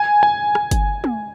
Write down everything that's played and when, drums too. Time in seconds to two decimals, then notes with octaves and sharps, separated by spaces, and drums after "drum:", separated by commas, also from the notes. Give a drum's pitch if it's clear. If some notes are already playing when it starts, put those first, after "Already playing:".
Already playing: G#5
0.23 G#5
0.55 drum: rim click
0.71 drum: kick G1, hi-hat
1.04 drum: tom